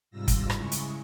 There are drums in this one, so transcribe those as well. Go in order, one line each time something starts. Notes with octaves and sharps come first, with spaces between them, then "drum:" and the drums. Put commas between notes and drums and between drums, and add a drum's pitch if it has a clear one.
G#2 C3 G3 F4 E6 A#6
drum: kick, hi-hat
C#3 G#3 E4 C#6, drum: rim click
drum: hi-hat